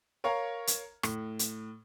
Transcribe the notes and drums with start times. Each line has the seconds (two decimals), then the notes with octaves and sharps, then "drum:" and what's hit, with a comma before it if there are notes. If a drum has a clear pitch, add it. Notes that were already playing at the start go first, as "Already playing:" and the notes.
0.24 A#4 C#5 F5 A#5
0.67 drum: hi-hat
1.03 A2, drum: rim click
1.39 drum: hi-hat